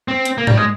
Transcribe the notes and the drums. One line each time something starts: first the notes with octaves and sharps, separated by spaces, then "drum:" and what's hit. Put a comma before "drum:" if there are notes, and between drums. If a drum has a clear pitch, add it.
C4
drum: hi-hat
A#3
G3, drum: tom G#2
G#3